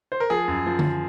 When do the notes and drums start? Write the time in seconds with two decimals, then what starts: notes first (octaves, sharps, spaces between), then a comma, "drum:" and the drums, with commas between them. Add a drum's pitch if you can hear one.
0.12 C5
0.20 A#4
0.30 F3 G#4
0.48 F#2
0.66 F3
0.79 drum: tom D3